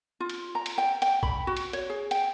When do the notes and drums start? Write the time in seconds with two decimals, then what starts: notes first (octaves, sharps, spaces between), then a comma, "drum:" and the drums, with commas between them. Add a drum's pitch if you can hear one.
0.20 F4
0.30 drum: cymbal
0.55 A#5
0.66 drum: cymbal
0.78 G5
1.02 G5, drum: cymbal
1.23 B5, drum: kick A#1
1.47 F#4
1.57 drum: cymbal
1.73 C#5, drum: cymbal
1.90 G#4
2.11 G5, drum: cymbal